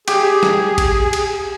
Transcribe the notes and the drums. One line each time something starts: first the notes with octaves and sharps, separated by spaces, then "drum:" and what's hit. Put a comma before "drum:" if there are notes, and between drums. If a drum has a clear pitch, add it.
G4 G#4, drum: cymbal
drum: snare
drum: kick G#1, cymbal
drum: cymbal